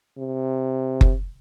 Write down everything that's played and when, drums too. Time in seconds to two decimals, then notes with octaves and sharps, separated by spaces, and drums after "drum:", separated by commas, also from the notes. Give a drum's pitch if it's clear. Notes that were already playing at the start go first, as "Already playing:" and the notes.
0.18 C3
1.01 drum: kick F#1